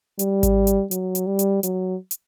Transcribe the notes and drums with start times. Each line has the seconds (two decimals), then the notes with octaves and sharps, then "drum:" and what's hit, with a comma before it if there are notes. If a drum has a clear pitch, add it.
0.19 G3, drum: hi-hat
0.43 drum: kick G#1, hi-hat
0.67 drum: hi-hat
0.91 F#3, drum: hi-hat
1.15 drum: hi-hat
1.27 G3
1.39 drum: hi-hat
1.63 F#3, drum: hi-hat
2.11 drum: hi-hat